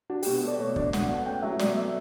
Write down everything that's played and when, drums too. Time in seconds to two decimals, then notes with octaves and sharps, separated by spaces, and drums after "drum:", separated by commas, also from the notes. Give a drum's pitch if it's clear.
0.10 D4 F#4
0.23 G4, drum: open hi-hat
0.26 B2
0.43 A3 D5
0.59 B2 C#5
0.76 D4 D5, drum: kick
0.93 B2 F#5, drum: snare
1.09 A3 F#5
1.26 C#4 G5
1.42 F#3 E5
1.59 B2 D5, drum: snare
1.76 A3 E5